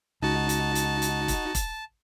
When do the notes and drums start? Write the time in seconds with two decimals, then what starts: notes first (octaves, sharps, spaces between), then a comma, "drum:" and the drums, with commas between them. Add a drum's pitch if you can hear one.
0.22 C#2 D#4 F#4 A5
0.49 drum: hi-hat
0.75 drum: hi-hat
1.02 drum: hi-hat
1.28 drum: kick E1, hi-hat
1.55 drum: kick E1, hi-hat